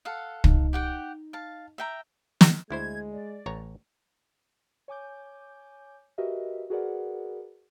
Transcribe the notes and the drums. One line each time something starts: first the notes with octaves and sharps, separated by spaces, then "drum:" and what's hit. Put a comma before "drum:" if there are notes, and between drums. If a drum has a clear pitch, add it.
A4 F5 F#5
D#4, drum: kick
G4 F#5 G5
F5 A5
E5 G5 A#5
drum: snare
D2 G#3 E4 C5 G#6
D5
A1 C#5 A#5
C#5 G#5 D6 G6
F#4 G4 A#4 B4 D#5 E5
F#4 G#4 A#4 B4 D5 F#5